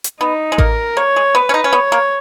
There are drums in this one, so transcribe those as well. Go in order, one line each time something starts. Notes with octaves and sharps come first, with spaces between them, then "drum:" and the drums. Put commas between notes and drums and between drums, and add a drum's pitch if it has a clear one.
drum: hi-hat
B3 D#4
G#3
A#3 A#4, drum: kick A1
A#3 C#5
G#3
B3 B4
C#4
D#4
C#4
B3 C#5
A#3